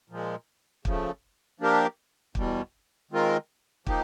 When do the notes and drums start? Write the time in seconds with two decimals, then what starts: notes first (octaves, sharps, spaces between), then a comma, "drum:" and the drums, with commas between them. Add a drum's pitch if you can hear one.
0.10 A#2 F3 G#3
0.85 C#3 F3 A3, drum: kick
1.60 F3 A#3 D4 G4 A#4
2.35 E2 B2 G3, drum: kick
3.11 D#3 G#3 C4 F4 A#4
3.87 F3 A#3 D#4 G4, drum: kick